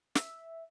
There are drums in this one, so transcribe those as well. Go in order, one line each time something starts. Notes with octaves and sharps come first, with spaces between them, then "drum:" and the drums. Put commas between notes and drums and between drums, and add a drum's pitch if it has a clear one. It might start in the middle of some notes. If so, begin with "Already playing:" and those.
E5, drum: snare